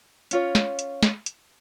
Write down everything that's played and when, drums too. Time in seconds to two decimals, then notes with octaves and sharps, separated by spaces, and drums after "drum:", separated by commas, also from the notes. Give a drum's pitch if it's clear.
0.31 C#4 F4 C#5, drum: hi-hat
0.55 drum: snare
0.79 drum: hi-hat
1.03 drum: snare
1.26 drum: hi-hat